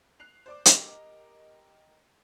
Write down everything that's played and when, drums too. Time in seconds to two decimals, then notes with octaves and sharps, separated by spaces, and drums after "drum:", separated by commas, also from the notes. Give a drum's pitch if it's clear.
0.20 F#6 C7 F7
0.46 C5 D5 D6
0.65 G4 A#4 D#5, drum: hi-hat